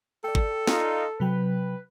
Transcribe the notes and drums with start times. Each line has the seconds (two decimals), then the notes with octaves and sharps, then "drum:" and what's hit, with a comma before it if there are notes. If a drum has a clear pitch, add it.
0.24 A4 D5 G5
0.35 drum: kick
0.67 D#4 F4, drum: snare
1.20 C3 F#3 B4 G5